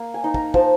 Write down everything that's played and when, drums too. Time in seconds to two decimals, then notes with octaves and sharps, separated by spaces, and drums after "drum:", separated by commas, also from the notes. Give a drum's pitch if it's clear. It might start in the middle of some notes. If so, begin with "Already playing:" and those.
Already playing: A#3
0.14 G#5
0.24 D#4
0.34 A#5, drum: kick
0.54 F3 A5, drum: kick